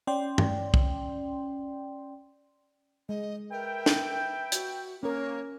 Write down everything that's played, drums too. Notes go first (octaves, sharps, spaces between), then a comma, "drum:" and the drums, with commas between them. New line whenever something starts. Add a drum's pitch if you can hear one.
C#4 D5 G5 C6
drum: tom G2
drum: kick
G#3 D#5
A#4 B4 E5 G5
drum: snare
F#4, drum: hi-hat
A#3 C#4 A#4 C#5